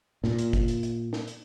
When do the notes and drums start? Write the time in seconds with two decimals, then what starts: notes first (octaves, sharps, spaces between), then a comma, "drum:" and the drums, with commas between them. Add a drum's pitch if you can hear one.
0.24 A#2, drum: snare
0.38 drum: hi-hat
0.53 drum: kick, hi-hat
0.68 drum: hi-hat
0.83 drum: hi-hat
1.13 drum: snare
1.28 drum: hi-hat